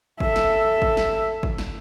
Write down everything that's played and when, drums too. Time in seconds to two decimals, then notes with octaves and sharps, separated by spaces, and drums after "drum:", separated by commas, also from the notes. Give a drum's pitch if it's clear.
0.20 A4 E5, drum: kick
0.36 drum: snare
0.82 drum: kick
0.97 drum: snare
1.43 drum: kick
1.58 drum: snare